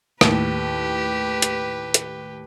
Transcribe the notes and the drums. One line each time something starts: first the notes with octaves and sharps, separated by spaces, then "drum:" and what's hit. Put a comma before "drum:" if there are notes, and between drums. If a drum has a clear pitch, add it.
D#2 A2 G4 B4, drum: rim click
drum: hi-hat
drum: hi-hat